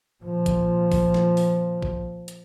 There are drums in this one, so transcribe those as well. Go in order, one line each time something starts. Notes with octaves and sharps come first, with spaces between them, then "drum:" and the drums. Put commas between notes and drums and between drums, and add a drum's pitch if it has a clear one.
A#2 F3
drum: kick, hi-hat
drum: kick, open hi-hat
drum: snare
drum: open hi-hat
drum: kick
drum: hi-hat